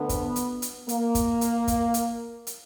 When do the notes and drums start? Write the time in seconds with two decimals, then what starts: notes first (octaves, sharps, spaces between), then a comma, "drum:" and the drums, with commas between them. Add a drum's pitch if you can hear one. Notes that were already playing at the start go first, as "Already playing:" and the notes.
Already playing: D2 D3 B3
0.09 drum: kick, hi-hat
0.36 drum: hi-hat
0.62 drum: hi-hat
0.89 A#3, drum: hi-hat
1.15 drum: kick, hi-hat
1.41 drum: hi-hat
1.68 drum: kick, hi-hat
1.94 drum: hi-hat
2.47 drum: hi-hat